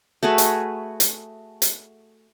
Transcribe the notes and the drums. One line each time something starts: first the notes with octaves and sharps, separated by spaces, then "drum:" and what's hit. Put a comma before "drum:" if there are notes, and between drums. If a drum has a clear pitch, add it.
A3 F#4 G#4 B4
drum: hi-hat
drum: hi-hat
drum: hi-hat